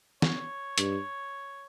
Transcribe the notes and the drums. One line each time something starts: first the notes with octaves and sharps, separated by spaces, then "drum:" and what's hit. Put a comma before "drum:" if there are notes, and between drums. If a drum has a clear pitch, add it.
C#5, drum: snare
G2, drum: hi-hat